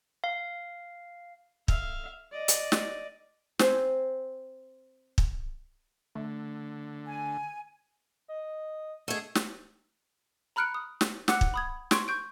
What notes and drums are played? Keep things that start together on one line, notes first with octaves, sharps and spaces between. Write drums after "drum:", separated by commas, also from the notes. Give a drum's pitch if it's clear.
F5
E5 F5, drum: kick
D5 D#5
drum: hi-hat
drum: snare
C4 C5 G#5, drum: snare
drum: kick
D3 A3
G#5
D#5
A3 G#4 D#5
drum: snare
A#5 B5 F6 F#6 C#7 D7
D#6
drum: snare
F#5 D6 E6 F#6 C#7, drum: snare
drum: kick
B5 D#6 G#6
C6 C#6 G#6 D7, drum: snare
C#6 G6 D7